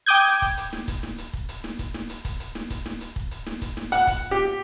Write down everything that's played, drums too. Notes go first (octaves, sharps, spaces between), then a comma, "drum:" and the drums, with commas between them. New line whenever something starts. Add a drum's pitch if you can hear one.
G5 D6 D#6 G6 G#6
drum: hi-hat
drum: kick, hi-hat
drum: hi-hat
drum: snare
drum: kick, hi-hat
drum: snare
drum: hi-hat
drum: kick
drum: hi-hat
drum: snare
drum: kick, hi-hat
drum: snare
drum: hi-hat
drum: kick, hi-hat
drum: hi-hat
drum: snare
drum: kick, hi-hat
drum: snare
drum: hi-hat
drum: kick
drum: hi-hat
drum: snare
drum: kick, hi-hat
drum: snare
F#5, drum: hi-hat
drum: kick, hi-hat
G4